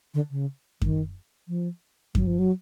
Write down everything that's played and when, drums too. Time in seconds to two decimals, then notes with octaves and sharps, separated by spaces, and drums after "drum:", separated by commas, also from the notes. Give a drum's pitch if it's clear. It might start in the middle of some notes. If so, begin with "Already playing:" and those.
0.14 D3
0.31 C#3
0.82 D#3, drum: kick F#2
1.48 F3
2.15 F#3, drum: kick F#2
2.27 F3
2.39 F#3